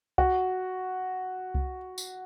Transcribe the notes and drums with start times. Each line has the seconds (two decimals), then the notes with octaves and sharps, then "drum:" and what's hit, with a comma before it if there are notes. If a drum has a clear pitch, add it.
0.18 F#4, drum: kick C2
1.55 drum: kick C2
1.98 drum: tambourine